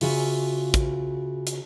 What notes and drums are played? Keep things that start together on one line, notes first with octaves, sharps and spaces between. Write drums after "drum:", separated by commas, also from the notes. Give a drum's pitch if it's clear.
C#3 F4 F#4 E5 G#5, drum: open hi-hat
drum: kick, hi-hat
drum: hi-hat